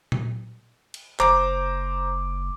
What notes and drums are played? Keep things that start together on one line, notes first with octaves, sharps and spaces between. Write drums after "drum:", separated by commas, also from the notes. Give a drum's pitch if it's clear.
drum: tom A#2
drum: cymbal
F#1 C5 A#5 D6, drum: clap